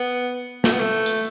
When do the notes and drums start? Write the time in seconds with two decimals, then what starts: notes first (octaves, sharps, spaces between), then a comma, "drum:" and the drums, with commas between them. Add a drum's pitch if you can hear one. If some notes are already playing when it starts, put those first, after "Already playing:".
Already playing: B3
0.64 A3, drum: snare
0.72 B3
0.79 A3
1.06 drum: tambourine